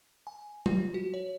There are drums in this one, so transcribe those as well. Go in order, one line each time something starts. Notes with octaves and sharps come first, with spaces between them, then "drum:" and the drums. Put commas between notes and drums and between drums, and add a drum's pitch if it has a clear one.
G#5
F4, drum: tom F#3
F#4
C#5